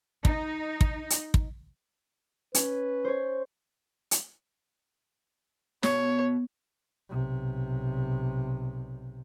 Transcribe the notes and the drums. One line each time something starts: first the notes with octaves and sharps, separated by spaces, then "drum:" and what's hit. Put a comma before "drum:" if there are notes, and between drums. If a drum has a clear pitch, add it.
D#4, drum: kick
drum: kick
drum: hi-hat
drum: kick
C#4 B4, drum: hi-hat
C5 C#5
drum: hi-hat
B2 C#5, drum: snare
B1 C3